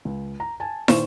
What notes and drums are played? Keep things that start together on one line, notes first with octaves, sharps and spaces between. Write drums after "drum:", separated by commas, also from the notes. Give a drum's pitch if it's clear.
C#2
A#5
G#5 A5
A#2 D#3 C5 C#6 E7, drum: snare